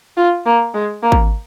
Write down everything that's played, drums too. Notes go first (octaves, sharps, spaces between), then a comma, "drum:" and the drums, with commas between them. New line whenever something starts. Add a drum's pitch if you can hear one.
F4
A#3
G#3
A#3
drum: kick G#1